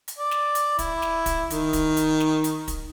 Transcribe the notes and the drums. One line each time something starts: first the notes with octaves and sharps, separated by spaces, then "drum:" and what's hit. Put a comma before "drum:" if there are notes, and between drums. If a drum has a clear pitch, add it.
drum: hi-hat
D5
drum: snare
drum: hi-hat
E4, drum: kick, hi-hat
drum: snare
drum: kick, hi-hat
D#3, drum: hi-hat
drum: kick, hi-hat
drum: hi-hat
drum: snare
drum: hi-hat
drum: kick, hi-hat